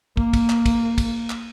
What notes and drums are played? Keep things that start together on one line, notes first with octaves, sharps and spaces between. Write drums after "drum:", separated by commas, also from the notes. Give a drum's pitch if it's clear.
A#3, drum: kick
drum: kick, cymbal
drum: clap
drum: kick, cymbal
drum: kick, cymbal
drum: clap